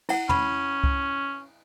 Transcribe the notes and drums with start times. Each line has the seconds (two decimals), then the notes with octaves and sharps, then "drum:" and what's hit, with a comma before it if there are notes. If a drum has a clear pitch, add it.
0.09 E4 F#5, drum: cymbal
0.29 C#4 B5, drum: tom
0.84 drum: kick C2